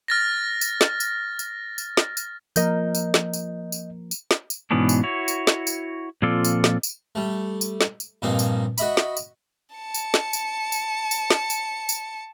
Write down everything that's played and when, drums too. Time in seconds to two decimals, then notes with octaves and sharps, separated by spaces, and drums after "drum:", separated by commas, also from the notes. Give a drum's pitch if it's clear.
0.08 F6 A6 A#6
0.61 drum: tambourine
0.81 drum: snare
1.00 drum: tambourine
1.39 drum: tambourine
1.78 drum: tambourine
1.97 drum: snare
2.17 drum: tambourine
2.56 F3 A#3 A#4 D#5 G6, drum: tambourine
2.95 drum: tambourine
3.14 drum: snare
3.33 drum: tambourine
3.72 drum: tambourine
4.11 drum: tambourine
4.31 drum: snare
4.50 drum: tambourine
4.71 G#2 B2 E3 B3 C#4 D4
4.89 drum: tambourine
5.03 E4 F#4 C#5
5.28 drum: tambourine
5.47 drum: snare
5.67 drum: tambourine
6.22 A#2 F3 C4 F4 A4 D5
6.44 drum: tambourine
6.64 drum: snare
6.83 drum: tambourine
7.15 G3 A3
7.61 drum: tambourine
7.81 drum: snare
8.00 drum: tambourine
8.22 G2 A#2 F3 C4 D#4
8.39 drum: tambourine
8.78 F#4 D#5 E5 B5, drum: tambourine
8.97 drum: snare
9.17 drum: tambourine
9.75 A5 C#7
9.94 drum: tambourine
10.14 drum: snare
10.33 drum: tambourine
10.72 drum: tambourine
11.11 drum: tambourine
11.30 drum: snare
11.50 drum: tambourine
11.89 drum: tambourine